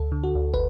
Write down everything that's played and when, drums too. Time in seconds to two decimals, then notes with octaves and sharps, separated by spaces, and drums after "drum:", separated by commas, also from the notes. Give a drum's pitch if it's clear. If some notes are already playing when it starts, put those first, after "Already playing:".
Already playing: D2 A4
0.12 D3
0.24 F#4
0.35 D2
0.54 B4, drum: kick